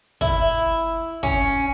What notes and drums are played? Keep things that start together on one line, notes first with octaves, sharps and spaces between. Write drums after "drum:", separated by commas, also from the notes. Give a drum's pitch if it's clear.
E4, drum: kick
C#4, drum: kick